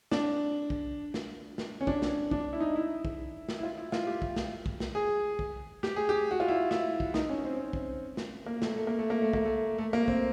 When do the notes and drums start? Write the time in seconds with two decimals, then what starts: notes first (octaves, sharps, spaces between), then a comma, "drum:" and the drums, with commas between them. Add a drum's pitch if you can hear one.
0.11 D4, drum: snare
0.70 drum: kick
1.14 drum: snare
1.58 drum: snare
1.81 C#4
1.87 D4, drum: kick
2.02 drum: snare
2.31 D4, drum: kick
2.53 E4
2.60 D#4
2.76 E4
3.05 drum: kick
3.49 drum: snare
3.59 E4
3.63 F4
3.78 E4
3.92 F4, drum: snare
4.07 G4
4.22 drum: kick
4.36 drum: snare
4.66 drum: kick
4.80 drum: snare
4.95 G#4
5.39 drum: kick
5.83 G4, drum: snare
5.96 G#4
6.09 G4
6.31 F#4
6.40 F4
6.48 E4
6.71 E4, drum: snare
7.00 drum: kick
7.14 D#4, drum: snare
7.29 C#4
7.45 C4
7.59 C4
7.73 drum: kick
8.17 drum: snare
8.46 A#3
8.62 A3, drum: snare
8.76 A3
8.87 A#3
8.99 A3
9.10 A#3
9.22 A3
9.33 A#3, drum: kick
9.45 A3
9.78 A3
9.93 A#3
10.08 C4, drum: kick